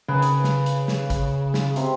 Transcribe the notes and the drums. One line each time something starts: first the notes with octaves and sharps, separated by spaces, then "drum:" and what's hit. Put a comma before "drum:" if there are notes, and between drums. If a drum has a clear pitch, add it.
C#3 G#4 B4
drum: hi-hat
drum: snare
drum: hi-hat
drum: snare
drum: kick, hi-hat
drum: snare
C3, drum: hi-hat